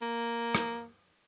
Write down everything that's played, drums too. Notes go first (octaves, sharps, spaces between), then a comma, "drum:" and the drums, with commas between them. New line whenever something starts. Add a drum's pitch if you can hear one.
A#3
drum: rim click